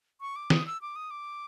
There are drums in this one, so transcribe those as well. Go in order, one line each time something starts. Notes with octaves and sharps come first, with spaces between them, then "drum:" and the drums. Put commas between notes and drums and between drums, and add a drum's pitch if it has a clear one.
C#6
D6
D#6, drum: snare
E6
D6
D#6
D6